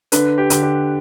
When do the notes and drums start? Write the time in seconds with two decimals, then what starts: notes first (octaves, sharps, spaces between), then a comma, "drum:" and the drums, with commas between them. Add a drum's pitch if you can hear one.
0.12 D3 B4, drum: hi-hat
0.38 G4
0.50 D3, drum: hi-hat
0.63 G4